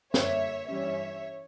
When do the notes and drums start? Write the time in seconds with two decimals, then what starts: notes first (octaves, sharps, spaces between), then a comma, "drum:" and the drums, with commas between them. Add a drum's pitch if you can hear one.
0.14 F2 D3 G3 A#3 C#5 E5, drum: snare
0.68 G2 E3 G3 C#4 C#5 E5